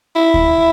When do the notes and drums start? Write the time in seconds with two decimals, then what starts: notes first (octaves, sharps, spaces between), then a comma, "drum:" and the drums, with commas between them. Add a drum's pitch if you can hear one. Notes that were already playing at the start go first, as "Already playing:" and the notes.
0.16 E4
0.34 drum: kick D2